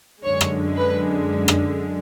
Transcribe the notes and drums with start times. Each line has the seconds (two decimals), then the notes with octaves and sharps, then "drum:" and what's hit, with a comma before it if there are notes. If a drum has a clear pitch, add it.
0.23 F#2 D3 G#3 C#5
0.41 drum: rim click
0.77 B4
1.48 drum: rim click